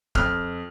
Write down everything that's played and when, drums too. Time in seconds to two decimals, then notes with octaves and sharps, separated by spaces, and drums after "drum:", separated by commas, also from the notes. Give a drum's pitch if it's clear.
0.15 F2 F6, drum: kick